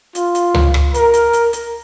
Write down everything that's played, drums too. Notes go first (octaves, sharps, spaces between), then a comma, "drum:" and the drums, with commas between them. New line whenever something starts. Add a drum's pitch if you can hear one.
F4, drum: hi-hat
drum: hi-hat
drum: tom C#2
drum: rim click
A#4, drum: hi-hat
drum: hi-hat
drum: hi-hat
drum: hi-hat